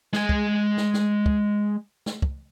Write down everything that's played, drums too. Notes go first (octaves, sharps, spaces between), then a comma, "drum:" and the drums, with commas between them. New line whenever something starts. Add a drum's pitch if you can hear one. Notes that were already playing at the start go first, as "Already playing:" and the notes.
G#3 G#5, drum: snare
drum: kick
drum: snare
drum: snare
drum: kick
drum: snare
drum: kick